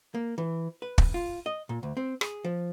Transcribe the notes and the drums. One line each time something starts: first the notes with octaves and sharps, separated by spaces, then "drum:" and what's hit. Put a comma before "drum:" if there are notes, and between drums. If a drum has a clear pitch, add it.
A#3
E3
B4
drum: kick
F4
D#5
A#2
D2
C4
G#4, drum: rim click
F3